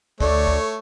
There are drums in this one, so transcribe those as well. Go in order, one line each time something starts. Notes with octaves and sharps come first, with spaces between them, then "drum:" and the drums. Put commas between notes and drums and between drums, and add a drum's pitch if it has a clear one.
D2 A3 A4 C#5 D5, drum: kick
drum: kick